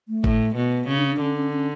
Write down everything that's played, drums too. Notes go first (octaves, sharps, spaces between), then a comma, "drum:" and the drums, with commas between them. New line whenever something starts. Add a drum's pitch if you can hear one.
A3
A2, drum: kick G#1
B2 B3
C#3 C#4
D4
C#4
D4
D3 C#4
C#4
C#4